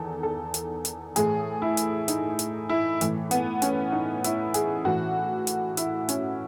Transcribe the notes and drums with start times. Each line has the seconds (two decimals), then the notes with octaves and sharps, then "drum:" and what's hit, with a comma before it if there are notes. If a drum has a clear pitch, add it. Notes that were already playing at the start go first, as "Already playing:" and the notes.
Already playing: E2 D#3 A4
0.23 A4
0.54 drum: hi-hat
0.85 drum: hi-hat
1.16 A2 E3 G#4, drum: hi-hat
1.62 E4
1.77 drum: hi-hat
2.08 D#4, drum: hi-hat
2.39 drum: hi-hat
2.69 E4
3.01 A2 E3, drum: hi-hat
3.31 B3, drum: hi-hat
3.62 C#4, drum: hi-hat
3.92 D#4
4.24 E4, drum: hi-hat
4.54 G#4, drum: hi-hat
4.85 A2 E3 F#4
5.47 drum: hi-hat
5.77 E4, drum: hi-hat
6.09 C#4, drum: hi-hat